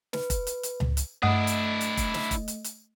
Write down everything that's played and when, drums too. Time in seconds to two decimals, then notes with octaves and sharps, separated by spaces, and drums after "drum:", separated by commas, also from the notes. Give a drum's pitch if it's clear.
0.13 B4, drum: snare
0.30 drum: kick F1, hi-hat
0.47 drum: hi-hat
0.63 drum: hi-hat
0.80 drum: tom C#2
0.97 drum: hi-hat
1.23 G2 A3 D4 E4 D#5 F#5 D#6
1.47 drum: hi-hat
1.81 drum: hi-hat
1.97 drum: kick F1, hi-hat
2.14 drum: snare
2.31 drum: kick F1, hi-hat
2.48 drum: hi-hat
2.64 drum: hi-hat